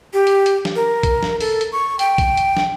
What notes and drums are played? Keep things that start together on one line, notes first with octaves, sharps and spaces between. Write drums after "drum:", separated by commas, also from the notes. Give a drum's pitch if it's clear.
G4
drum: hi-hat
drum: hi-hat
drum: snare
A#4
drum: kick B1, hi-hat
drum: snare
A4, drum: open hi-hat
drum: hi-hat
C#6
G5, drum: hi-hat
drum: kick B1, hi-hat
drum: hi-hat
drum: snare